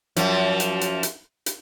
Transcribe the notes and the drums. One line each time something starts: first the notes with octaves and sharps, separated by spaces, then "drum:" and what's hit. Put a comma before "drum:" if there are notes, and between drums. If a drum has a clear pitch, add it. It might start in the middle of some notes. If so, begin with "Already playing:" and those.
F#2 F3, drum: hi-hat
drum: hi-hat
drum: hi-hat
drum: hi-hat
drum: hi-hat